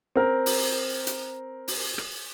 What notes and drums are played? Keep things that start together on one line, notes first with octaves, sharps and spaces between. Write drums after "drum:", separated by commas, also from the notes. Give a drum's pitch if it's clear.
C4 A#4
drum: open hi-hat
drum: hi-hat
drum: open hi-hat
drum: rim click